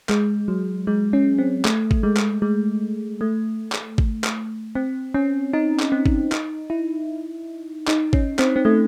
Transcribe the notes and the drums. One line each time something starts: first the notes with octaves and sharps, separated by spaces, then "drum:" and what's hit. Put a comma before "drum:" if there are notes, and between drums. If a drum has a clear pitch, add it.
G#3, drum: clap
F#3
G#3
C#4
C4
A3, drum: clap
drum: kick G#1
G#3
drum: clap
G#3
A3
drum: clap
drum: kick G#1
drum: clap
C4
C#4
D#4
drum: clap
C4
drum: kick G#1
D#4, drum: clap
E4
D#4, drum: clap
C#4, drum: kick G#1
C4, drum: clap
C4
A3